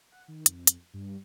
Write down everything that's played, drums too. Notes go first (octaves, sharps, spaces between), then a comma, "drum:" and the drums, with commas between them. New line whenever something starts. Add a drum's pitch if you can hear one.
F#5
D#3
F2, drum: hi-hat
drum: hi-hat
G2